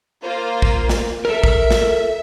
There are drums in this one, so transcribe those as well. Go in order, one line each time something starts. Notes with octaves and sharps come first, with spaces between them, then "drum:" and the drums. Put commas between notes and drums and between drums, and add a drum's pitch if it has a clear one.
A#3 F4 C5
drum: kick
drum: snare
A4 A#4 E5
drum: kick
drum: snare